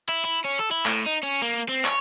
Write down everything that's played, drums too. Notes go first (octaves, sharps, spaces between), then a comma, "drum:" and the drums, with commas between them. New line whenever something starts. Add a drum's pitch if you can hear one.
E4
E4
C#4
A4
E4
A2, drum: clap
D#4
C#4
A#3
C4
C#5, drum: clap